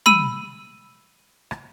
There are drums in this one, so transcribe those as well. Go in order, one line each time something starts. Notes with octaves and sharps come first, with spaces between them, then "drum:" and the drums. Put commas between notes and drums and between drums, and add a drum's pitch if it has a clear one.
B5 E6 D#7, drum: tom
drum: rim click